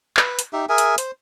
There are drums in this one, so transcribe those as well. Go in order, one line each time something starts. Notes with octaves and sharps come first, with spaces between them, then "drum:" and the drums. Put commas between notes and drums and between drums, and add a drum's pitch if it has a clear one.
B4, drum: clap
drum: hi-hat
D#4 G4 E5
G#4 A#4 E5 G#5
drum: hi-hat
C5, drum: hi-hat